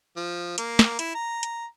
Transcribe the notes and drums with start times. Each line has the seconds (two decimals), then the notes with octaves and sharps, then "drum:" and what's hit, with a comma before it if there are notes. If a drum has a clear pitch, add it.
0.16 F3
0.58 A#3, drum: hi-hat
0.79 drum: snare
0.99 E4, drum: hi-hat
1.14 A#5
1.43 drum: hi-hat